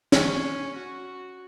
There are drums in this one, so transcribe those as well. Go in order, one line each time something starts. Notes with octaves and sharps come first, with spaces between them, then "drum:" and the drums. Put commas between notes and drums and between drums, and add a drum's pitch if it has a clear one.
C#4, drum: snare
F#4